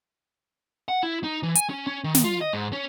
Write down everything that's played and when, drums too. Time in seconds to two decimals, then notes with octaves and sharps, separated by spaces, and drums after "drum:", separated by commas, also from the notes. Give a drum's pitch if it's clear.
0.88 F#5
1.03 E4
1.24 D#4
1.43 E3
1.55 G#5, drum: hi-hat
1.70 C#4
1.87 C#4
2.04 D#3
2.15 drum: snare
2.24 F4
2.41 D#5
2.53 G#2
2.73 C#4